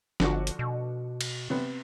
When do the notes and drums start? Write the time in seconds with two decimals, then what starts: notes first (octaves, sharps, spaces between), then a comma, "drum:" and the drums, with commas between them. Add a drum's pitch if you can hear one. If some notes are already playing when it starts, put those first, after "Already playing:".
0.20 G1 D3 F3 F#4, drum: snare
0.47 drum: hi-hat
0.59 B2
1.21 drum: cymbal
1.50 C3 B3